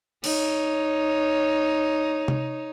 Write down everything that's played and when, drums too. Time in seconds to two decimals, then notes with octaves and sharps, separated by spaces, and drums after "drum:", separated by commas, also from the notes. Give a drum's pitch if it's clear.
0.24 D#4 C#5, drum: cymbal
2.28 drum: tom C3